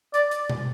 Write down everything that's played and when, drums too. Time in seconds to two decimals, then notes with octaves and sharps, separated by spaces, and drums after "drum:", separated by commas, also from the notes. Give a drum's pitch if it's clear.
0.14 D5, drum: hi-hat
0.31 drum: hi-hat
0.50 drum: tom B2